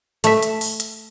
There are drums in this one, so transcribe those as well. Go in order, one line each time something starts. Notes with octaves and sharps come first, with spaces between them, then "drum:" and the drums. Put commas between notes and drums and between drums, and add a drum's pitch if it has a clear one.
A3 E5, drum: hi-hat
drum: hi-hat
drum: open hi-hat
drum: hi-hat